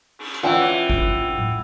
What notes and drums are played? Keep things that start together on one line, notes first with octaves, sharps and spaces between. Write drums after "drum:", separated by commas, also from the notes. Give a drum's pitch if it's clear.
drum: cymbal
drum: hi-hat
E3 C#4 D4 F4 F#5 G5 E6
drum: kick
drum: tom A2